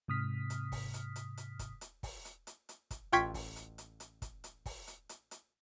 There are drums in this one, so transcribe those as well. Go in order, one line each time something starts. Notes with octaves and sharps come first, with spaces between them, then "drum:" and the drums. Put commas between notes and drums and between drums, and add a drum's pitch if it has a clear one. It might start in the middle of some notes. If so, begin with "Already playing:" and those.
G#2 C3 D#6 F6 B6
drum: hi-hat
drum: kick, open hi-hat
drum: hi-hat
drum: hi-hat
drum: hi-hat
drum: kick, hi-hat
drum: hi-hat
drum: kick, open hi-hat
drum: hi-hat
drum: hi-hat
drum: hi-hat
drum: kick, hi-hat
A1 F4 G5 C#6 G#6 B6, drum: hi-hat
drum: kick, open hi-hat
drum: hi-hat
drum: hi-hat
drum: hi-hat
drum: kick, hi-hat
drum: hi-hat
drum: kick, open hi-hat
drum: hi-hat
drum: hi-hat
drum: hi-hat